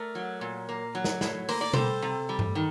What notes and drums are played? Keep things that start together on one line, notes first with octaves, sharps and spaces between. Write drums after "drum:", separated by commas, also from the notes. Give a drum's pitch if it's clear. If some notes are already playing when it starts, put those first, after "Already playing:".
Already playing: A3 A#4 D5
F#3
A#2
A#3
F#3
drum: snare
A2, drum: snare
A#3 C5, drum: open hi-hat
D5
G3 A4 C5, drum: tom B2
C3
G3
drum: tom G2
D#3